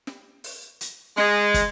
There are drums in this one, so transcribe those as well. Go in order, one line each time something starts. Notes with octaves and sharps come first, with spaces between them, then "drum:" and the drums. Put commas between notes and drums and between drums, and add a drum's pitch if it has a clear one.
drum: snare
drum: open hi-hat
drum: hi-hat
G#3, drum: snare
drum: kick, hi-hat